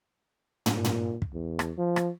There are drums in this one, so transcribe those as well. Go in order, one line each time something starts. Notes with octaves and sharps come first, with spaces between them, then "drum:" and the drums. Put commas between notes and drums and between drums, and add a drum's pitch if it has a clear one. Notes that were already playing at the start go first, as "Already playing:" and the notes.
drum: tom
A#2
drum: tom
drum: kick
E2
drum: rim click
F3
drum: rim click